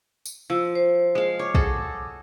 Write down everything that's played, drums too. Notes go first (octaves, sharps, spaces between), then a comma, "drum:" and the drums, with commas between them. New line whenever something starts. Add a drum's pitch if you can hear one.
drum: tambourine
F3 E6
C5
G#3 F5
C#5 D6
F#4 G#4 A4, drum: kick